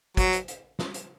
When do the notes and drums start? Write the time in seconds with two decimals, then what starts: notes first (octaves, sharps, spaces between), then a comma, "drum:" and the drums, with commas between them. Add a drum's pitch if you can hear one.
0.17 F#3, drum: kick, hi-hat
0.33 drum: hi-hat
0.48 drum: hi-hat
0.79 drum: snare
0.94 drum: hi-hat